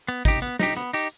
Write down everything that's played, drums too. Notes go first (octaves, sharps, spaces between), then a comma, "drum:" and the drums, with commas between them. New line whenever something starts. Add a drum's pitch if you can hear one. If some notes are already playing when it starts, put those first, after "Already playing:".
B3
D#4 G4, drum: kick G#1, tambourine
B3
D#4 G4, drum: snare
B3
D#4 G4, drum: tambourine